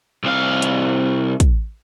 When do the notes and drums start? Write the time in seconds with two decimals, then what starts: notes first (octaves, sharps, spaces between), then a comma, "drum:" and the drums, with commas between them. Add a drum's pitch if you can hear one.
0.24 C2 F5
0.62 drum: hi-hat
1.40 drum: kick, hi-hat